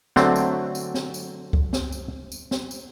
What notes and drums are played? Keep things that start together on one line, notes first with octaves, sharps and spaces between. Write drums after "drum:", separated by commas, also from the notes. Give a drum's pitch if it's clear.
D3 F#3 A3 C4, drum: snare
drum: tambourine
drum: tambourine
drum: snare
drum: tambourine
drum: kick C#2
drum: snare
drum: tambourine
drum: tambourine
drum: snare
drum: tambourine